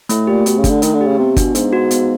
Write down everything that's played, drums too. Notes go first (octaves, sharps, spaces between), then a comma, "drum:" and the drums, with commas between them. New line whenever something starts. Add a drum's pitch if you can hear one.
A2 A3, drum: hi-hat
A#2 G4
B2 A3, drum: hi-hat
C#3
D4, drum: kick, hi-hat
D3
D#3 A3, drum: hi-hat
D3
G4
C#3
C3 B3
B2 D4, drum: kick, hi-hat
G#2 B3, drum: hi-hat
F#4
B3, drum: hi-hat